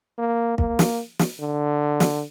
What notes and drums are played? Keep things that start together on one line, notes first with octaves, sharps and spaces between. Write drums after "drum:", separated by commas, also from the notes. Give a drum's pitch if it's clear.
A#3
A#3, drum: kick
drum: snare
drum: snare
D3
drum: snare